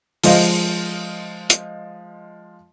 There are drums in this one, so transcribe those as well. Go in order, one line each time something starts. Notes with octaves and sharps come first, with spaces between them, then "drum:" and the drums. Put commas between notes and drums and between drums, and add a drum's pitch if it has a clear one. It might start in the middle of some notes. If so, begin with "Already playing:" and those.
F3 G#3 C5 D#5 F5, drum: open hi-hat
drum: hi-hat